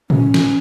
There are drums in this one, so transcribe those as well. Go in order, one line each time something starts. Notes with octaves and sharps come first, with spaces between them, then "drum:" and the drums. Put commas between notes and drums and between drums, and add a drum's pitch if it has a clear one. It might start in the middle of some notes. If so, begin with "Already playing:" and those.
C#4, drum: tom A2
drum: snare